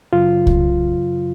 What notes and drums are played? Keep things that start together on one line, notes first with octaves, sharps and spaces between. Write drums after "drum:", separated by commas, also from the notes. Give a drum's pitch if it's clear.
F#2 C#3 F#3 F4
drum: kick C2